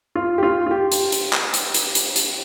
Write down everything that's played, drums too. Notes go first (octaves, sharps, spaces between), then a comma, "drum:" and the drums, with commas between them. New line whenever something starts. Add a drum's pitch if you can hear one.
F4
G4
F4
F4
G4
drum: hi-hat
drum: hi-hat
drum: clap
drum: hi-hat
drum: hi-hat
drum: hi-hat
drum: hi-hat